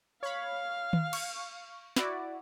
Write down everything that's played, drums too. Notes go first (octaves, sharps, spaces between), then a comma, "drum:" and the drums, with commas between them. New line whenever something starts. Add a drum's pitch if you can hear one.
C#5 F5 B5
drum: tom D#3
C#6, drum: cymbal
E4 F#4 D5, drum: snare